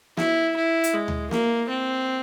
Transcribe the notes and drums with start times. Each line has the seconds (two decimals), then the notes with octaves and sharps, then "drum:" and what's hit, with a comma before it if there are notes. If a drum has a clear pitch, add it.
0.17 E4, drum: snare
0.56 E4
0.84 drum: hi-hat
0.94 G#3
1.08 drum: tom D2
1.31 A#3, drum: snare
1.69 C4